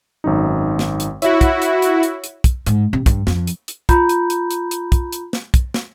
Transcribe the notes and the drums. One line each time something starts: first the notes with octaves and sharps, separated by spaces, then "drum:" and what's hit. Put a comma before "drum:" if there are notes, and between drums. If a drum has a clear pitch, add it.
G#1 F#2 D#4
drum: snare
drum: hi-hat
E4 F#4 C#5 E5, drum: hi-hat
drum: kick, hi-hat
drum: hi-hat
drum: hi-hat
drum: hi-hat
drum: hi-hat
drum: kick, hi-hat
G#2, drum: hi-hat
C3
G2, drum: kick, hi-hat
F2, drum: snare
drum: hi-hat
drum: hi-hat
F4 A#5 B5 G6, drum: kick, hi-hat
drum: hi-hat
drum: hi-hat
drum: hi-hat
drum: hi-hat
drum: kick, hi-hat
drum: hi-hat
drum: snare
drum: kick, hi-hat
drum: snare